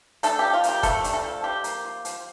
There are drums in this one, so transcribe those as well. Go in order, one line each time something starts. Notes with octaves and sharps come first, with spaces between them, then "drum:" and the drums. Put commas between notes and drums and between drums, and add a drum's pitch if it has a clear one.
A3 D4 A4, drum: hi-hat
F3 G4
F4
A#3, drum: hi-hat
G4
C3 A3 A4, drum: kick, hi-hat
D4, drum: hi-hat
A3 A4
F3
F3 G4
A#3, drum: hi-hat
F4
F3, drum: hi-hat